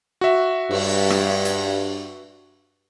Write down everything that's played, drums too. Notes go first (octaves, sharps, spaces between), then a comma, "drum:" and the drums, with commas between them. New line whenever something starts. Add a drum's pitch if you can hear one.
F#4 E5
G2, drum: cymbal
drum: rim click
drum: hi-hat